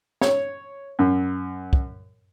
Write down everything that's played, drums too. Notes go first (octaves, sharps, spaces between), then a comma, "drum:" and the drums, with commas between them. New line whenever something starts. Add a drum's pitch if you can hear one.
C#5, drum: snare
F#2
drum: kick